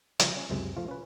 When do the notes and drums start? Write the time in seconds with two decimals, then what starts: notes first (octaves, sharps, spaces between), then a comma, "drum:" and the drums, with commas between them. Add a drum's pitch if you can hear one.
0.20 C#3 F3 G3 C#4, drum: hi-hat
0.37 C#4
0.50 C#2 F#2 C3 G#3
0.76 F3 A3 F4
0.88 C#4 B4